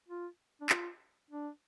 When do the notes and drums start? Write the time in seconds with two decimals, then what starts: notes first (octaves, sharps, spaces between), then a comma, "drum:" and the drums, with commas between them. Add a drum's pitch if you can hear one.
0.08 F4
0.61 D4
0.69 F4, drum: clap
1.30 D4